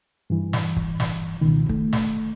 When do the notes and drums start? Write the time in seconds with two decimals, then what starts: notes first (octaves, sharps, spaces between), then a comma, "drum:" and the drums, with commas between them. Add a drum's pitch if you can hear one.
0.30 G2 E3
0.53 drum: snare
0.76 drum: kick
1.00 drum: snare
1.41 C#2 B2 D#3
1.69 A3, drum: kick
1.93 drum: snare